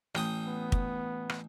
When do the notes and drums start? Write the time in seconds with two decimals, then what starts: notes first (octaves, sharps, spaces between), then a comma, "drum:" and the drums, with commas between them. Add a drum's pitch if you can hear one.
0.15 A1 G5 D#6, drum: rim click
0.48 B3
0.72 drum: kick
1.29 drum: rim click